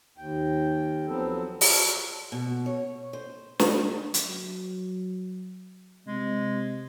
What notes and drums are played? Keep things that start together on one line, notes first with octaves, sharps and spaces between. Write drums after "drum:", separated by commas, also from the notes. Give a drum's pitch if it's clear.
D#2 G5
F3 F#3 B3 C4 A4
F4 F#4 A5, drum: open hi-hat
B2
C#5
C5
drum: snare
F#3, drum: hi-hat
C3 G#3